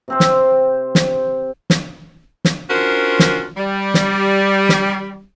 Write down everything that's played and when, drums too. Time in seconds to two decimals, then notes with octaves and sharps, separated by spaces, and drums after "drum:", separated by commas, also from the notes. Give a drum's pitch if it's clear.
0.08 C3 C4 C5
0.20 drum: snare
0.95 drum: snare
1.70 drum: snare
2.45 drum: snare
2.70 C#4 D4 F4 F#4 A#4 C5
3.19 drum: snare
3.57 G3
3.94 drum: snare
4.69 drum: snare